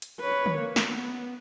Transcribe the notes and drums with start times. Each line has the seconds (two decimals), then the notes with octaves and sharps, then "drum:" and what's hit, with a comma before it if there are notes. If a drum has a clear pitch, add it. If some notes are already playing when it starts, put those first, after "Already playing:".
0.02 drum: hi-hat
0.21 B4 C#5
0.46 drum: tom
0.59 A#3
0.76 drum: snare
0.88 B3